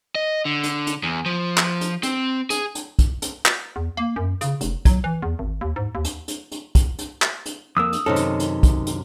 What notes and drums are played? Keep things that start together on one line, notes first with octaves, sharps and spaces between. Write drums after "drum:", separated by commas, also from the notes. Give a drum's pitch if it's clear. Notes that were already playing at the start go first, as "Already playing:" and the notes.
D#5
D3
drum: hi-hat
drum: hi-hat
E2
F3
drum: clap
drum: hi-hat
C4, drum: hi-hat
G#4, drum: hi-hat
drum: hi-hat
drum: kick, hi-hat
drum: hi-hat
drum: clap
E2
A#3
F#2
C#3, drum: hi-hat
F1, drum: hi-hat
F#3, drum: kick, hi-hat
E3
E2
G#1
D#2
G#2
D#2
drum: hi-hat
drum: hi-hat
drum: hi-hat
drum: kick, hi-hat
drum: hi-hat
drum: clap
drum: hi-hat
F2 A#3 D#6 E6
drum: hi-hat
F#2 A2 C3 D#3 D#4 A4
drum: hi-hat
drum: hi-hat
drum: kick, hi-hat
drum: hi-hat